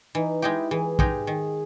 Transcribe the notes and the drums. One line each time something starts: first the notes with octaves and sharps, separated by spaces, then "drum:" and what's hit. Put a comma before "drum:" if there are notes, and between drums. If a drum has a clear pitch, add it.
E3 D#4
G#3 D#4 E4 G4
E3 G#4
G#3 D#4 G4, drum: kick
D#3